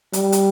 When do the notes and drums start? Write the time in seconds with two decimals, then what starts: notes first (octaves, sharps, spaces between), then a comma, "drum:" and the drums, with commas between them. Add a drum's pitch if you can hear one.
0.13 G3, drum: hi-hat
0.32 drum: hi-hat